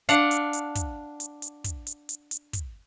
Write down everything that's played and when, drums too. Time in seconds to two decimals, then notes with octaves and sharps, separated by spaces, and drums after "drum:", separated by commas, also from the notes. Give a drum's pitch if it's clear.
0.09 D4 F5 F#5, drum: hi-hat
0.31 drum: hi-hat
0.53 drum: hi-hat
0.75 drum: kick, hi-hat
1.20 drum: hi-hat
1.42 drum: hi-hat
1.64 drum: kick, hi-hat
1.87 drum: hi-hat
2.09 drum: hi-hat
2.31 drum: hi-hat
2.53 drum: kick, hi-hat